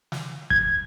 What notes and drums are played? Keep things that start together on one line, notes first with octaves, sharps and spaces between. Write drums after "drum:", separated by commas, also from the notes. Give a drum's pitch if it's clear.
drum: snare
G#6, drum: kick